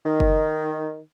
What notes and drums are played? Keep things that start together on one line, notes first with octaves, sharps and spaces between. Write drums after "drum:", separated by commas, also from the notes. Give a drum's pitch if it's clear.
D#3
drum: kick F#1